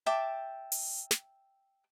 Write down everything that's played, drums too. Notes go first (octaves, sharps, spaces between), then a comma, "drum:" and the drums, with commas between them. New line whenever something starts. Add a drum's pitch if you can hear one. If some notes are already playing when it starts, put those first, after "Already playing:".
E5 G5 A5 D6
drum: open hi-hat
drum: snare